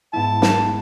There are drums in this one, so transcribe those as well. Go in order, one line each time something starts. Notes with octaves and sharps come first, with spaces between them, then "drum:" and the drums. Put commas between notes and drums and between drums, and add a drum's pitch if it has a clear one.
G#2 B3 E4 A5
drum: snare